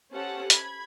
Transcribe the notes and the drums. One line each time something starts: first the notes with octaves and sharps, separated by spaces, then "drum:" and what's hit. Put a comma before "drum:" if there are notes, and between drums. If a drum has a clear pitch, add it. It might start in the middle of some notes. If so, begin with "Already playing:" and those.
C#4 G4 A4 C5 F#5 A5
B5 G#6, drum: hi-hat